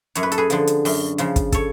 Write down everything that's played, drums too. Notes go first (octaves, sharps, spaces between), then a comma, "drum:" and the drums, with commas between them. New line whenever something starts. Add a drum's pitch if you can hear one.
F#2 C#5, drum: hi-hat
B4
A4, drum: hi-hat
G#4 B4
D3 F3, drum: hi-hat
drum: hi-hat
F#2, drum: open hi-hat
C#3 F3, drum: hi-hat
drum: kick, hi-hat
A4 C#5, drum: kick, hi-hat